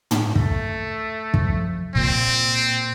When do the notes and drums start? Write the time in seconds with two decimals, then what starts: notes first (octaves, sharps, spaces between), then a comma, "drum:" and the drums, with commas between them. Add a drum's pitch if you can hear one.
0.11 drum: tom
0.35 A3, drum: kick
1.34 F3, drum: kick
1.95 A#2 C4